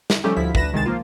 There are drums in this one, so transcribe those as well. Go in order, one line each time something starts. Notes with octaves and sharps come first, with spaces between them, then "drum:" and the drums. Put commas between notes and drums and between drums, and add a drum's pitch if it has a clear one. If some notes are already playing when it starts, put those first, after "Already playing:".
drum: snare
F3 G3 A3 C#4 D#4 G4
D2 F3 E4 B6
D2 B4 A#6 E7, drum: kick
C2 D#3 G#3 G#4 A6 E7
F3 A#3 F4